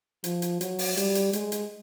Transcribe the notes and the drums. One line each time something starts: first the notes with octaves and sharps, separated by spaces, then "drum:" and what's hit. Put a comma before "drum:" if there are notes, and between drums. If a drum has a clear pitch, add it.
F3, drum: hi-hat
drum: hi-hat
F#3, drum: hi-hat
drum: open hi-hat
G3, drum: hi-hat
drum: hi-hat
G#3, drum: hi-hat
drum: hi-hat